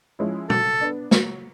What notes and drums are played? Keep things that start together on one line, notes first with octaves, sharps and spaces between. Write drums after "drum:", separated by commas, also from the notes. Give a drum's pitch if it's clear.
F3 G#3 C#4 E4
F#3 A4, drum: tom
B3 D4
F#3, drum: snare